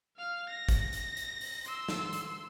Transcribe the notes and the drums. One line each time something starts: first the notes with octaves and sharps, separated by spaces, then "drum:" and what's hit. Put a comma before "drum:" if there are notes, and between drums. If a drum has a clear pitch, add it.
F5 F6
A#6
drum: kick, hi-hat
drum: hi-hat
drum: hi-hat
drum: open hi-hat
C6 E6, drum: hi-hat
drum: snare
drum: hi-hat